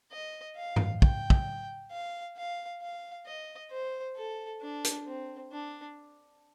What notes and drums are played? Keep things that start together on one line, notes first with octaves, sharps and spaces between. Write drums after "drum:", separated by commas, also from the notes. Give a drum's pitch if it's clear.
D#5
F5
drum: tom G2
G5, drum: kick
drum: kick
F5
F5
F5
D#5
C5
A4
D4
drum: hi-hat
C4
D4